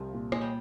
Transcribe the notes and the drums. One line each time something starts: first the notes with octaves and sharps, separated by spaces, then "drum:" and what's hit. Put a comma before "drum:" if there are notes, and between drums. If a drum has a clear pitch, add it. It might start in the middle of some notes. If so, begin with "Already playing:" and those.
Already playing: C2 F3
A#2
A#2 G#3, drum: rim click
G3